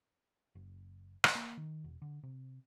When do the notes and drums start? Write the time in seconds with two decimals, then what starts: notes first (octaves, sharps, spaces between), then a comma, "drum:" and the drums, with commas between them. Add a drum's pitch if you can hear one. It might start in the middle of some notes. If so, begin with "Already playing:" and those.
0.55 F#1
1.24 drum: rim click
1.35 A#3
1.57 D#3
1.84 E1
2.02 D3
2.23 C3